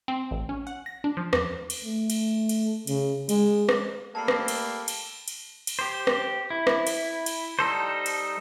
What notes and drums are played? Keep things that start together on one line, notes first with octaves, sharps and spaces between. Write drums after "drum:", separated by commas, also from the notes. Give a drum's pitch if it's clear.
C4
A1
C#4
F#5
A#6
D4
F3
E2, drum: rim click
drum: cymbal
A3
drum: cymbal
drum: cymbal
C#3, drum: cymbal
G#3, drum: cymbal
drum: rim click
G3 A3 A#3 A4 G5 A5 B5 C7
drum: rim click
drum: cymbal
drum: cymbal
drum: cymbal
drum: cymbal
G4 C5
drum: rim click
E4
drum: rim click
drum: cymbal
drum: cymbal
G3 D#4 A4 C5
drum: cymbal